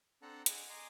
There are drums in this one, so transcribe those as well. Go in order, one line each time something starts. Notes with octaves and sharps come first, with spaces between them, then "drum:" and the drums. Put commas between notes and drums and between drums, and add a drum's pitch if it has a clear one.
C4 D4 A4 F#5 A5 A#5
G#4 D#5 F#5, drum: hi-hat
D#5 G#5 A#5 C6 D6